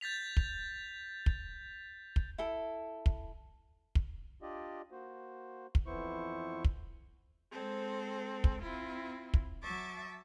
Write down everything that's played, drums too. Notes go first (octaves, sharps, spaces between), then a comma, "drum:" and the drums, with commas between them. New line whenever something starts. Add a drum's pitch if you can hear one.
G6 A6 B6 F7
drum: kick
drum: kick
drum: kick
E4 A4
drum: kick
drum: kick
D4 F4 G4 D5 D#5
A#3 F#4 C5
drum: kick
F2 E3 B3 E4 C5 C#6
drum: kick
G#3 C4 A4 C5
drum: kick
C4 E4 F4
drum: kick
F#3 E5 A5 C#6 D6 A6